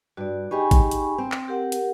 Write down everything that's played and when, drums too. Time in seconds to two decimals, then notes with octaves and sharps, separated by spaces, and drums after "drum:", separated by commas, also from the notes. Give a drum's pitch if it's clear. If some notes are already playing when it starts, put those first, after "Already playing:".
0.17 G2 F#4 D5
0.51 D#4 G4 G#4 G#5 B5 C#6
0.71 drum: kick A1, hi-hat
0.91 drum: hi-hat
1.18 C4 C6
1.32 drum: clap
1.48 G4 A#4 F#5
1.72 drum: hi-hat